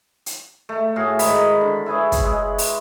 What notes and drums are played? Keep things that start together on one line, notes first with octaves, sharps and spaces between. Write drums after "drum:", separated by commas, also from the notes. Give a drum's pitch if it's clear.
drum: hi-hat
A3
A2 F#4 G#4 F5
G#2 D#3 B5, drum: open hi-hat
D3
E4 G#4 B4 C#5
drum: kick, hi-hat
G#3
drum: open hi-hat